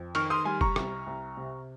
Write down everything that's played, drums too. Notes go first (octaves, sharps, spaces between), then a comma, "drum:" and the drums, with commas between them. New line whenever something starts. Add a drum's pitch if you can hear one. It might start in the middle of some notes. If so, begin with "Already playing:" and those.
Already playing: F2
D#3 C#6 F6, drum: cymbal
C6 D#6
G3 G#5 C6
A#5 C#6, drum: kick
C2, drum: rim click
C2
C3